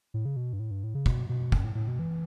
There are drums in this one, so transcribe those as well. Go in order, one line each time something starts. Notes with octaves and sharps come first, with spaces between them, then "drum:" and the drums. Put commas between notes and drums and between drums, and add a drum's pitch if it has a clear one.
A2
C#3
B2
G2
A2
G2
A2
C#3
B2, drum: kick
B2
F#2, drum: kick
A2
A2
B2
E3